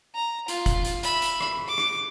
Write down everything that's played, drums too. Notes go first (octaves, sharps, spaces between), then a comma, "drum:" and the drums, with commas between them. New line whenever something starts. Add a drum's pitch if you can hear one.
A#5
F4, drum: hi-hat
drum: kick F#1, hi-hat
drum: hi-hat
E5 B5, drum: hi-hat
drum: hi-hat
drum: rim click
D6
drum: rim click